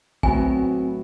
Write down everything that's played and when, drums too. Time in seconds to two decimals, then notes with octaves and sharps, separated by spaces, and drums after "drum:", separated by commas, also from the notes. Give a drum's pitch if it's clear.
0.23 A2 F#3 B3 C4 G#5, drum: kick